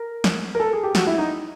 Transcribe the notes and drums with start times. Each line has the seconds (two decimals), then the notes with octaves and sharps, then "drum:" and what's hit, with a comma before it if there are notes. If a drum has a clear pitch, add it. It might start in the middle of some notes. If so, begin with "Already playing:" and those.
Already playing: A#4
0.24 drum: snare
0.55 A#4
0.60 A4
0.73 G#4
0.83 G4
0.95 F#4, drum: snare
1.07 E4
1.18 D#4